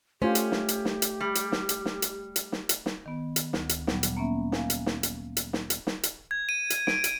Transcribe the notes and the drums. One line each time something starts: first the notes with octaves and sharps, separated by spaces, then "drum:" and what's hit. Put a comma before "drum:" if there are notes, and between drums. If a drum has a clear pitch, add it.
A3 C#4 F4 G4 C5
drum: hi-hat
drum: snare
drum: hi-hat
drum: snare
drum: hi-hat
G3
drum: hi-hat
drum: snare
drum: hi-hat
drum: snare
drum: hi-hat
drum: hi-hat
drum: snare
drum: hi-hat
drum: snare
D#3 B3
drum: hi-hat
D2, drum: snare
drum: hi-hat
A#2 F#3 G3 B3, drum: snare
drum: hi-hat
A#3 B3 C#4 E5
F5 G#5, drum: snare
drum: hi-hat
drum: snare
drum: hi-hat
drum: hi-hat
drum: snare
drum: hi-hat
drum: snare
drum: hi-hat
G#6
D#7
drum: hi-hat
D7, drum: snare
drum: hi-hat